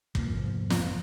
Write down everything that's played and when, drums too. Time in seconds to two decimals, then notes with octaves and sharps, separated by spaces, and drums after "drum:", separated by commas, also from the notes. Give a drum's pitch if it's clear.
0.15 F1 G#2 F3 A#3, drum: kick
0.70 drum: snare